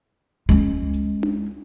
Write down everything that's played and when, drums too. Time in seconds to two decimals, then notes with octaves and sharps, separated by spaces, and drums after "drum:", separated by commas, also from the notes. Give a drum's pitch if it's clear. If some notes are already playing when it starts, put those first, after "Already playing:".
0.49 G#3 C#4, drum: tom C#2
0.93 drum: hi-hat
1.23 drum: tom D4